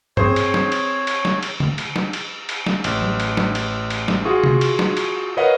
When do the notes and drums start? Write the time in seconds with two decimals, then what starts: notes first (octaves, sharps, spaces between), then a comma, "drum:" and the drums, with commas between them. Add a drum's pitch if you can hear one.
0.17 C4 G#4 C5 C#5, drum: tom G2
0.36 drum: cymbal
0.54 drum: snare
0.72 drum: cymbal
1.07 drum: cymbal
1.25 drum: snare
1.43 drum: cymbal
1.60 drum: tom C#3
1.78 drum: cymbal
1.96 drum: snare
2.13 drum: cymbal
2.49 drum: cymbal
2.66 drum: snare
2.84 A1, drum: cymbal
3.02 drum: tom F#3
3.20 drum: cymbal
3.37 drum: snare
3.55 drum: cymbal
3.90 drum: cymbal
4.08 drum: snare
4.25 F4 F#4 G#4 C#6
4.44 drum: tom C3
4.61 drum: cymbal
4.79 drum: snare
4.97 drum: cymbal
5.37 A#4 B4 C#5 D#5 F5 F#5